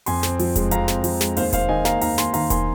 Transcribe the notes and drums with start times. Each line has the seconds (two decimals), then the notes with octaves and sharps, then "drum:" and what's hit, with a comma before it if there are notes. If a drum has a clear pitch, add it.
0.06 F2 G#5 C6, drum: open hi-hat
0.23 C4, drum: snare
0.39 F3, drum: open hi-hat
0.56 G#3, drum: kick E1, hi-hat
0.71 F2 F5 A#5, drum: hi-hat
0.88 C4, drum: snare
1.04 F3, drum: open hi-hat
1.21 G#3, drum: snare
1.37 D#2 C5 F5, drum: open hi-hat
1.53 D#2 C5 F5, drum: kick E1, hi-hat
1.69 D#3 D#5 G#5
1.85 A#3 F5 A#5, drum: snare
2.01 D#2 F5 A#5, drum: open hi-hat
2.18 D#2 G#5 C6, drum: snare
2.34 D#3 F5 A#5, drum: open hi-hat
2.50 A#3 G#5 C6, drum: kick E1, hi-hat